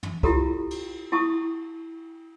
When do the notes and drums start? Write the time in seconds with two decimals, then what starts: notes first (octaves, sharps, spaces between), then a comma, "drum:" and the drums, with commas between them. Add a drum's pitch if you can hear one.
0.03 drum: tom
0.23 E4 F4 G4 A4 A#5, drum: kick
0.71 drum: cymbal
1.12 E4 A5 C#6 D#6